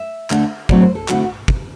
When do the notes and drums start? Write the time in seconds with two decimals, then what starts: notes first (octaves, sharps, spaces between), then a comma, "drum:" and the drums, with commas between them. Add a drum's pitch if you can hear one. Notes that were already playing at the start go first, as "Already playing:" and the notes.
Already playing: E5
0.30 D2 D3 A3 D4, drum: clap
0.69 A2 F#3 A3 C4 E4 D5, drum: kick
0.82 C5
0.95 A4
1.08 D3 A3 C4 E4 F#4, drum: clap
1.48 drum: kick